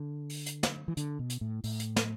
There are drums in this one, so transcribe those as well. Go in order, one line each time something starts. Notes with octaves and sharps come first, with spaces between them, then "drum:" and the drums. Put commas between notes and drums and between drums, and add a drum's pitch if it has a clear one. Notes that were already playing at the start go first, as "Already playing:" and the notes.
Already playing: D3
drum: open hi-hat
drum: hi-hat
drum: snare
E3
D3, drum: hi-hat
B2
drum: hi-hat
A2
A2, drum: open hi-hat
drum: hi-hat
drum: snare